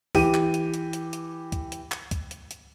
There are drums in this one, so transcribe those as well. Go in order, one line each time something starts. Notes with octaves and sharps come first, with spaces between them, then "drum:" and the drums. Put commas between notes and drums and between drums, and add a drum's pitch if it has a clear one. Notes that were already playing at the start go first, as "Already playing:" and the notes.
E3 G4 D#7, drum: kick D2, open hi-hat
drum: clap
drum: hi-hat
drum: hi-hat
drum: hi-hat
drum: hi-hat
drum: kick D2, hi-hat
drum: hi-hat
drum: clap
drum: kick D2, hi-hat
drum: hi-hat
drum: hi-hat